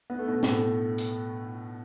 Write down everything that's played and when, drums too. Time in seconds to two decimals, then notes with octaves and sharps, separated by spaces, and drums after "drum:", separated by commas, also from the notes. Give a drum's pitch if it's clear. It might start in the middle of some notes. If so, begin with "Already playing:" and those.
0.10 B3
0.19 A3
0.28 B2 B3
0.43 A2 A3, drum: snare
0.98 drum: hi-hat